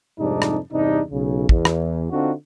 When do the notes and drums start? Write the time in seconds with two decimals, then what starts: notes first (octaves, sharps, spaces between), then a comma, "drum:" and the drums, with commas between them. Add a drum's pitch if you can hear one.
0.19 F2 G#2 C3 G3 D4 D#4
0.42 drum: rim click
0.73 E2 G2 C3 D4 D#4
1.11 B1 C#3
1.49 E2, drum: kick
1.65 drum: rim click
2.11 D3 C4 D4 D#4 F4 F#4